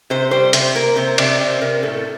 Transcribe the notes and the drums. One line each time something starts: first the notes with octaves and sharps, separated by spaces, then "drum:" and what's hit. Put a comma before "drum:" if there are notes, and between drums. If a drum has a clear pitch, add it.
C3 C5
G3 C5
C3 C5, drum: hi-hat
A#3 A#4
C3 C5
C3 D5, drum: cymbal
C3 C5
C3 A#4
A2 A4